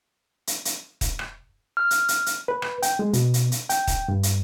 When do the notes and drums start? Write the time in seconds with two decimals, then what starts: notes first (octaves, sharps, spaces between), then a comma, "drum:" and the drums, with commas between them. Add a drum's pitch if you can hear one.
0.47 drum: hi-hat
0.65 drum: hi-hat
1.01 drum: kick, hi-hat
1.19 drum: rim click
1.77 F6
1.91 drum: hi-hat
2.08 drum: hi-hat
2.26 drum: hi-hat
2.48 B4
2.62 drum: rim click
2.82 G5, drum: hi-hat
2.99 G#3
3.13 B2, drum: hi-hat
3.34 drum: hi-hat
3.52 drum: hi-hat
3.70 G5, drum: hi-hat
3.87 drum: kick, hi-hat
4.08 G2
4.23 drum: hi-hat